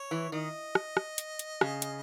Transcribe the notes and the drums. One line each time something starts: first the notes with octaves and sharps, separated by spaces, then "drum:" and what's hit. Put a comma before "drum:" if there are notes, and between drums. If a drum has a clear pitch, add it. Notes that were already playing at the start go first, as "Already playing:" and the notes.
Already playing: C#5
E3
D#3 D#5
drum: rim click
drum: rim click
drum: hi-hat
drum: hi-hat
C#3, drum: rim click
drum: hi-hat